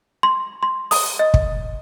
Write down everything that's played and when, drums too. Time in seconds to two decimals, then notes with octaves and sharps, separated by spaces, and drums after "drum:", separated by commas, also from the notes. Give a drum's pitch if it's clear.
0.23 C6
0.63 C6
0.91 D#6, drum: open hi-hat
1.19 D#5
1.34 drum: kick